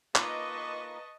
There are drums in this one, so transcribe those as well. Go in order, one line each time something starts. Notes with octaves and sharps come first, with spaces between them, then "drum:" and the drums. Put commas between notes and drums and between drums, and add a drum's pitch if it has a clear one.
A#3 D#4 F4 B4 D#5 A5 C#6 D6, drum: clap